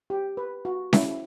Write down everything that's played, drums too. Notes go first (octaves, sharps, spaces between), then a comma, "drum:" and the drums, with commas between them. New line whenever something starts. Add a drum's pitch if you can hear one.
G4
B4
F#4
E4, drum: snare C#4